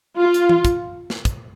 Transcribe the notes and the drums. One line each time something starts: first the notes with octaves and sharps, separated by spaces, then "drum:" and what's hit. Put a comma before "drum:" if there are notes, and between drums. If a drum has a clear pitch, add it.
F4
drum: hi-hat
drum: tom E3
drum: kick, hi-hat
drum: snare
drum: kick, hi-hat